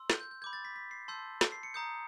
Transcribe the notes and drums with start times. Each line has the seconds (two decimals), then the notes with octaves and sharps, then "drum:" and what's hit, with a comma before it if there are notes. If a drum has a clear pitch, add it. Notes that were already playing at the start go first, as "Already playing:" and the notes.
Already playing: C6 E6
0.10 G6, drum: snare
0.21 G6
0.31 G6
0.42 B5 D6 G6 G#6
0.53 A6
0.65 B6
0.76 B6
0.91 C7
1.08 A5 C6 E6 G6
1.41 drum: snare
1.52 C7
1.63 C#7
1.74 A#5 D#6 G6 C#7